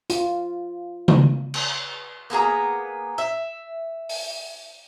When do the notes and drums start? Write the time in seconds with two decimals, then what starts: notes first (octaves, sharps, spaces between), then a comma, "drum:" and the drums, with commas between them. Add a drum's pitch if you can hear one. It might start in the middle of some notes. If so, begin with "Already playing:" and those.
0.10 F4, drum: hi-hat
1.08 drum: tom C#3
1.54 drum: cymbal
2.30 A#3 B3 G#4 A#5
3.18 E5
4.09 drum: open hi-hat